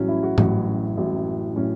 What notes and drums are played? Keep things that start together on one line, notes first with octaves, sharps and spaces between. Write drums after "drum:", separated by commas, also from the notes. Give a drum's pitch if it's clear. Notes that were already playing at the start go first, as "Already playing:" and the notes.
Already playing: A1 A2 F#3 C#4
E4
F#4
A1 A2 F#3 F#4, drum: tom G#2
A1 A2 F#3
A2 F#3 C#4